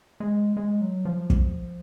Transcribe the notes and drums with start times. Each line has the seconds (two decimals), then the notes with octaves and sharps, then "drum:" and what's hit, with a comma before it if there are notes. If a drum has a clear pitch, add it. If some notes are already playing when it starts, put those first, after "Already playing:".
0.20 G#3
0.57 G#3
0.81 F#3
1.05 F3
1.30 drum: kick